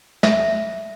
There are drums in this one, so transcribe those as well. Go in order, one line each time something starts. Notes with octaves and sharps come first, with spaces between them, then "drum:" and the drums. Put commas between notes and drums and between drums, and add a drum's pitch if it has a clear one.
E5, drum: snare